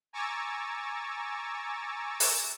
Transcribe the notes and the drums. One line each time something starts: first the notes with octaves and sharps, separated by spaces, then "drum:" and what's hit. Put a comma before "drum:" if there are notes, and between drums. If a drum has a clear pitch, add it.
G#5 A#5 C#6 D6 E6 A6
drum: open hi-hat